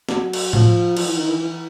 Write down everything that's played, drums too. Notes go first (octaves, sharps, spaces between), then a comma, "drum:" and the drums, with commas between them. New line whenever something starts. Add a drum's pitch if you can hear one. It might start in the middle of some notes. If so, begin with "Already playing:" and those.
F#3, drum: snare
drum: cymbal
F3, drum: tom A2
F3, drum: cymbal
E3
D#3
E3
E3